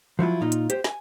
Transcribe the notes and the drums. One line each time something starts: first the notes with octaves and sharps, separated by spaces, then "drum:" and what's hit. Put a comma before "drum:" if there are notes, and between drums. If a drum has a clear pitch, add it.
F3 F#3 E4 F4
A#2 D#4 F4
drum: hi-hat
G4 C5, drum: hi-hat
G#5, drum: snare